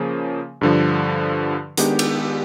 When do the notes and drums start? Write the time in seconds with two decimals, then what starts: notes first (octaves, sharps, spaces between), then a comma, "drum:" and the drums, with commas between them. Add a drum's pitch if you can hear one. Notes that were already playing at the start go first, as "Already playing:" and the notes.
Already playing: C#3 F3 A#3
0.61 G2 D3 F3
1.77 D#3 G#3 B3 D4 G4, drum: hi-hat
1.99 drum: cymbal